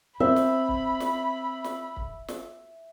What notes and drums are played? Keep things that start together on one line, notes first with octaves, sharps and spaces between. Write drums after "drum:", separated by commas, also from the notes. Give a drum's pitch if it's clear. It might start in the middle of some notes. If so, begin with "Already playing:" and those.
C4 E5 B5
drum: snare
drum: kick C#1
drum: snare
drum: snare
drum: kick C#1
drum: snare